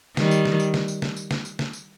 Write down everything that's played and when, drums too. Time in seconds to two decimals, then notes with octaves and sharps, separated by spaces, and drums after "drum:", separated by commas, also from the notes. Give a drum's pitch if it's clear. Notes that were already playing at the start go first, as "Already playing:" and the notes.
0.17 D#3 G3, drum: snare
0.31 drum: tambourine
0.45 drum: snare
0.60 drum: tambourine
0.74 drum: snare
0.88 drum: tambourine
1.02 drum: snare
1.16 drum: tambourine
1.31 drum: snare
1.45 drum: tambourine
1.59 drum: snare
1.73 drum: tambourine